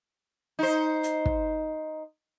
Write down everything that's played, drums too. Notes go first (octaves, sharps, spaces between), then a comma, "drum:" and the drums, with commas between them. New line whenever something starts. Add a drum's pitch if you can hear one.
D#4 C5
drum: hi-hat
drum: kick